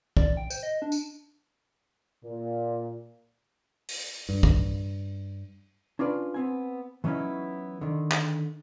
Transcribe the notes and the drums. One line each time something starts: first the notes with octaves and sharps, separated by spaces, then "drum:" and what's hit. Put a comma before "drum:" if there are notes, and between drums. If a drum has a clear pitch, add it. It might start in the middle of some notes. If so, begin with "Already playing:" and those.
D5, drum: kick
G5
C5, drum: tambourine
D#5
D4
drum: tambourine
A#2
drum: open hi-hat
G2
drum: kick
C#4 D4 F4 B4 D5
B3 C4 G#5
E3 F#3 B3 C#4 D#4 E4
D3 D#3
drum: clap